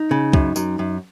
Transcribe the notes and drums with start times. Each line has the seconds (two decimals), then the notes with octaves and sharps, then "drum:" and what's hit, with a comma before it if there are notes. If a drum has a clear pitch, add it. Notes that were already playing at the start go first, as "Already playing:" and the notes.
Already playing: D#4
0.11 C#3
0.33 F#2, drum: kick C2
0.56 F#2, drum: tambourine
0.79 F#2